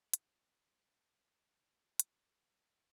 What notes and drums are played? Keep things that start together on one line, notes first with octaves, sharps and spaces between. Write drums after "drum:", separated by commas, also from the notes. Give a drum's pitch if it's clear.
C4 D#4 F4 C#5, drum: hi-hat
drum: hi-hat